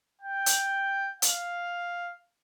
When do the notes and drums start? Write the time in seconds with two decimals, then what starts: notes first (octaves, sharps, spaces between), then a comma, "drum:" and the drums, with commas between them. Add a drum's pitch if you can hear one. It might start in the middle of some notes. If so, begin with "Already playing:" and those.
0.21 G5
0.46 drum: hi-hat
1.22 F5, drum: hi-hat